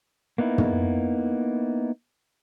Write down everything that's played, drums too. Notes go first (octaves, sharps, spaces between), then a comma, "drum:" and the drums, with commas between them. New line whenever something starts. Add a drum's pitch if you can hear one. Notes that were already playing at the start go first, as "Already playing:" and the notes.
A#3 B3 D#4 E4
drum: tom